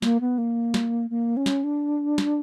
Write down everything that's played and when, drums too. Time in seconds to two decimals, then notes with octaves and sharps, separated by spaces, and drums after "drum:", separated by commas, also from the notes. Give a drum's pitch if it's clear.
0.02 A#3, drum: snare
0.21 B3
0.38 A#3
0.74 drum: snare
1.10 A#3
1.37 C#4
1.46 drum: snare
1.64 D4
2.18 drum: snare